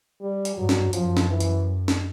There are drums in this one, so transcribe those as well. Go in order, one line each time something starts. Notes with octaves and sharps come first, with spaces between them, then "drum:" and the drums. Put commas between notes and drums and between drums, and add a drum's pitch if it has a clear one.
G3
drum: hi-hat
G2 F#3
drum: snare
F#2 F3, drum: hi-hat
drum: snare
E3
drum: hi-hat
drum: snare